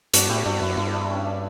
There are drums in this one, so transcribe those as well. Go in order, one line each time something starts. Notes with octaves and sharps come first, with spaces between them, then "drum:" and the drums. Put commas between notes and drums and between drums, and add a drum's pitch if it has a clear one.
G2 D4 F#4, drum: hi-hat
A2 E4 G4
G2 D4 F#4
F#2 E4
G2 E4
D4
C#4
D4